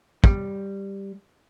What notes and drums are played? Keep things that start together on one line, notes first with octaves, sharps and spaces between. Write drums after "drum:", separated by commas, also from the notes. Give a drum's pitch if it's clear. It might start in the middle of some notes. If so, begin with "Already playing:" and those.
G3, drum: kick